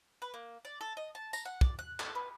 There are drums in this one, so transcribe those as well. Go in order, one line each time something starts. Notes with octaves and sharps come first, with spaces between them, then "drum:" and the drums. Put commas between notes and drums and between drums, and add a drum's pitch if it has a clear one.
B4
A#3
D5
A4
D#5
A5
A#5, drum: tambourine
F#5
D5, drum: kick
F#6
A4, drum: clap
B4